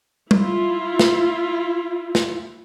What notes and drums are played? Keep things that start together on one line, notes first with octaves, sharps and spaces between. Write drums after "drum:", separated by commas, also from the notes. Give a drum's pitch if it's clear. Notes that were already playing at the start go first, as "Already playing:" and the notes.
E4 F4, drum: tom G3
drum: snare
drum: snare